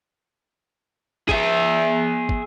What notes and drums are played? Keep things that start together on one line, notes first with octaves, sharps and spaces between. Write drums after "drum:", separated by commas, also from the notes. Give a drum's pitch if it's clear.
G#4 E5, drum: kick
drum: kick